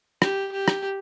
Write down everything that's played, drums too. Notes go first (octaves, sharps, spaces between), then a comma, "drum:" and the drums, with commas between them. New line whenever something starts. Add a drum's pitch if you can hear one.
G4, drum: rim click
G4
drum: rim click